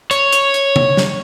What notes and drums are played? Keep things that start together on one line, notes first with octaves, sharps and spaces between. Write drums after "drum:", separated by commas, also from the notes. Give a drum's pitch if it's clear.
C#5, drum: hi-hat
drum: hi-hat
drum: hi-hat
drum: tom C#3
drum: snare